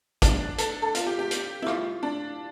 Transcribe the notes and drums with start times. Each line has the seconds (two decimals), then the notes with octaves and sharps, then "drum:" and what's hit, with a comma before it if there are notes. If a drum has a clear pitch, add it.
0.22 D4, drum: kick, hi-hat
0.58 A4, drum: hi-hat
0.82 A4
0.95 F4, drum: hi-hat
1.07 G4
1.19 G4
1.31 drum: hi-hat
1.62 E4
1.66 F4, drum: rim click
2.03 D4